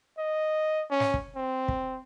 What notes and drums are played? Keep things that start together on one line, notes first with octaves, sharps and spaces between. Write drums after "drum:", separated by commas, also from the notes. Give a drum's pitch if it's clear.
D#5
C#4
drum: snare
drum: kick
C4
drum: kick